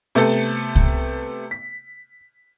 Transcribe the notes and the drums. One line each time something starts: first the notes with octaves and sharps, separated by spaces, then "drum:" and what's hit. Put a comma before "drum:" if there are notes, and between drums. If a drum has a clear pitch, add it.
C3 A3 B3 A4
drum: kick C2
B6